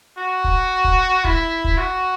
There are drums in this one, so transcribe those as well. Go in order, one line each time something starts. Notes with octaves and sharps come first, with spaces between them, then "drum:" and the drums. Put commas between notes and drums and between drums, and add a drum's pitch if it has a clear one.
F#4
drum: kick
drum: kick
E4, drum: kick
drum: kick
F#4